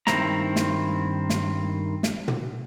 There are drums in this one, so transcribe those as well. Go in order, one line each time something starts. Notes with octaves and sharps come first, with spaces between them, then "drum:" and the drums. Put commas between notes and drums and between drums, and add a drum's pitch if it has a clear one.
G2 D#3 C4 E4 A#5, drum: snare
drum: snare
drum: snare
drum: snare
drum: tom